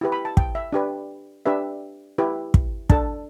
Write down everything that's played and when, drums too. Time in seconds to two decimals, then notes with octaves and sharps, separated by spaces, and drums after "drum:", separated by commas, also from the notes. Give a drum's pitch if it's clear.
0.01 E4 G4 B4
0.12 B5
0.25 A5
0.37 G5, drum: kick
0.55 E5
0.72 D4 G4 B4
1.46 D4 G4 B4 E5
2.18 E4 G4 B4
2.54 drum: kick
2.90 D4 A4 A5, drum: kick